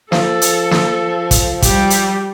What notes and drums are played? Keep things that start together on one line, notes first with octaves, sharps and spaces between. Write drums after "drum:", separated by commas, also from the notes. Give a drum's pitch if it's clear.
F3 A4, drum: snare
drum: hi-hat
drum: snare
drum: kick, hi-hat
G3 G4, drum: kick, hi-hat
drum: hi-hat